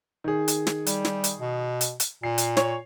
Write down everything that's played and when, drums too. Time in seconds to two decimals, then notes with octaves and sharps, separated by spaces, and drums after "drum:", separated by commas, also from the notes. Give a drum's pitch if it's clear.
0.24 D#3 G#4
0.48 drum: hi-hat
0.67 drum: snare
0.86 G3, drum: hi-hat
1.05 drum: snare
1.24 drum: hi-hat
1.39 B2
1.81 drum: hi-hat
2.00 drum: hi-hat
2.23 A#2 C7
2.38 drum: hi-hat
2.57 C#5, drum: snare